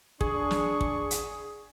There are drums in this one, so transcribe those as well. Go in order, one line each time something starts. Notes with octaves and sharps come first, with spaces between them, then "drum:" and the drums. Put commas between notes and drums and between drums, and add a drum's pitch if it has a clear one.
D4 G#4 C#6, drum: kick
drum: snare
drum: kick
drum: hi-hat